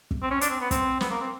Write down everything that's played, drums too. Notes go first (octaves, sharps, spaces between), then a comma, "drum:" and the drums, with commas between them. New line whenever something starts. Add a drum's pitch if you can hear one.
drum: kick
C4
C#4
D4, drum: hi-hat
C4
B3
C4, drum: kick, hi-hat
B3, drum: snare
A#3
C4